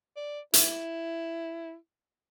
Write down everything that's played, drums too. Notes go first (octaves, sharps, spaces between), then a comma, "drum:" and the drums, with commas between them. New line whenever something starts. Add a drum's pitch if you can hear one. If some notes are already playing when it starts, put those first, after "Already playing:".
D5
E4, drum: hi-hat